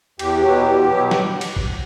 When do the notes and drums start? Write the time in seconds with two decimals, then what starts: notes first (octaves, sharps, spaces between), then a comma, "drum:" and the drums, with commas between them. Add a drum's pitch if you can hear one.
0.19 E2 G4, drum: cymbal
0.42 B2 F#3
0.65 E2
0.87 B2
0.93 F#3
1.11 G4, drum: snare
1.41 drum: cymbal
1.56 drum: kick